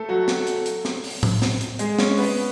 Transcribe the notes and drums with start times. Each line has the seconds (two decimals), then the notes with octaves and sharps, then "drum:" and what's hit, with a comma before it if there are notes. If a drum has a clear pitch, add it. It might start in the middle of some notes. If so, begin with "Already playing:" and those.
Already playing: A3 A4
0.09 F#3 F#4
0.28 drum: snare
0.47 drum: hi-hat
0.66 drum: hi-hat
0.85 drum: snare
1.04 drum: open hi-hat
1.23 drum: tom A2
1.42 drum: snare
1.61 drum: hi-hat
1.79 G#3 G#4, drum: hi-hat
1.99 C#4 C#5, drum: snare
2.17 B3 B4, drum: open hi-hat